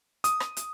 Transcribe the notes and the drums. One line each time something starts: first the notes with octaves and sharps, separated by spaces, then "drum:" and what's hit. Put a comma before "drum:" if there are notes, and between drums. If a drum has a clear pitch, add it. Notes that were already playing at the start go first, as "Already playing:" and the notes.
D#6, drum: hi-hat
drum: rim click
drum: hi-hat